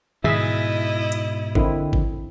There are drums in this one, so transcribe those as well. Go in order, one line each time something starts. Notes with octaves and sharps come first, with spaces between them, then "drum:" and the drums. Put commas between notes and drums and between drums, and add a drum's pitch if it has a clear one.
G#2 B2 E4 G#4 D#5 E5, drum: tom D3
drum: hi-hat
D3 C4 E4 A#4 D#5, drum: kick
drum: kick